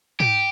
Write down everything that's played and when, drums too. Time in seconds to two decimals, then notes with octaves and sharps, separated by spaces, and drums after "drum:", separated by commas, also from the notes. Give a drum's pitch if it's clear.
0.20 G4, drum: tom